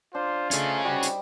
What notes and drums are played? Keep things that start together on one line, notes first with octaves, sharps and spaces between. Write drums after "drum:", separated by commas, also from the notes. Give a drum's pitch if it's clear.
D4 F4 C5
A3 C#4 G#4 C5 D#5, drum: hi-hat
G3 F#4 G4
drum: hi-hat